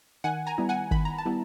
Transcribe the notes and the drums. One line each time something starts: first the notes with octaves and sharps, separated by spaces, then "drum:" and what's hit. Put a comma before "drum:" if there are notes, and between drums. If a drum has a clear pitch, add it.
D#3 F#5 G#5
G#5 A#5
G3 B3 E4
F#5 G#5
D#3 B5, drum: kick
A#5
A5
G3 B3 E4